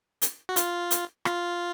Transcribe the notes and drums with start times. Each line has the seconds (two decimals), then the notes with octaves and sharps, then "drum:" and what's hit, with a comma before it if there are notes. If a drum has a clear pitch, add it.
0.22 drum: hi-hat
0.49 F#4
0.56 F4, drum: hi-hat
0.91 drum: hi-hat
1.25 F4, drum: rim click